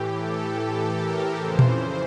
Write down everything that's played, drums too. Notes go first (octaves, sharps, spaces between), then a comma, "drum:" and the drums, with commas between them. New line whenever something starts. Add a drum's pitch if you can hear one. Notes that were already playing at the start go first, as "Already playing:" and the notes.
Already playing: A2 E3 G4
A4
A#4
F2 C#3 E3 C5
drum: tom A#2